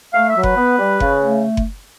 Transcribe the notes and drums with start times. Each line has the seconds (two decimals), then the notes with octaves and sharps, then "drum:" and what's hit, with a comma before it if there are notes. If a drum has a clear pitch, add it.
0.14 A3 F5
0.29 E5
0.36 F#3
0.43 B4, drum: kick F#1
0.56 B3
0.79 G3
1.00 C#3, drum: kick F#1
1.21 A3
1.57 drum: kick F#1